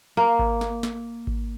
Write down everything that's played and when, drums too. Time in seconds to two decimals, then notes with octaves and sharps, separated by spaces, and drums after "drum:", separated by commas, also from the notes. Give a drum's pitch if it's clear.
0.17 A#3
0.39 drum: kick G#1
0.61 drum: snare
0.83 drum: snare
1.27 drum: kick G#1